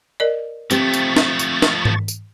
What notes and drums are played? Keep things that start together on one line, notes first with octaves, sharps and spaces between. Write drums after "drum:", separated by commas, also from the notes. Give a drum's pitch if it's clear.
A#4 D5 D#5
F3 A3 C4 G4 C#6 A6, drum: tambourine
drum: tambourine
drum: snare
drum: tambourine
drum: snare
drum: tom G#2
drum: tambourine